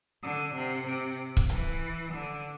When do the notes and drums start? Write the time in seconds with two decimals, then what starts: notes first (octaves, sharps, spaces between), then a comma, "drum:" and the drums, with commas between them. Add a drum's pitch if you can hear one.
0.24 D3
0.55 C3
0.86 C3
1.37 drum: kick
1.50 E3, drum: hi-hat
2.13 D3